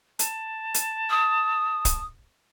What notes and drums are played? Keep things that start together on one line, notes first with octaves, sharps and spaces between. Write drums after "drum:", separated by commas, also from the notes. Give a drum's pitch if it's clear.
A5, drum: hi-hat
drum: hi-hat
D#6
drum: kick, hi-hat